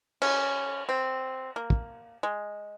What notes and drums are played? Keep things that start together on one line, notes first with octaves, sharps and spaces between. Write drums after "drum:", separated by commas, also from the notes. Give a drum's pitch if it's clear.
C#4, drum: cymbal
C4
A#3
drum: kick
G#3